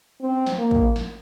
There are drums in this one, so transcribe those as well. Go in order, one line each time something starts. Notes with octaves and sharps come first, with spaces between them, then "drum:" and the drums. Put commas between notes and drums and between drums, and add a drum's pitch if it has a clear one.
C4
drum: snare
A#3
drum: kick
drum: snare